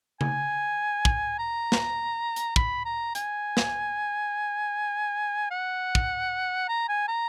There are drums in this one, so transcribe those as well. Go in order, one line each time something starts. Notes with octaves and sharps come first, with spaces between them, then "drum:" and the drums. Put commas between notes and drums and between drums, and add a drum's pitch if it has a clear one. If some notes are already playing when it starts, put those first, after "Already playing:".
G#5, drum: tom C#3
drum: kick
A#5
drum: snare
drum: hi-hat
B5, drum: kick
A#5
G#5, drum: hi-hat
drum: snare
F#5
drum: kick
A#5
G#5
A#5